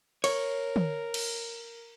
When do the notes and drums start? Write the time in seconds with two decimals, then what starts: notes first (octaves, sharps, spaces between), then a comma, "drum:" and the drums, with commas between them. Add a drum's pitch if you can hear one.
0.24 A#4 C#5, drum: cymbal
0.76 drum: tom
1.14 drum: cymbal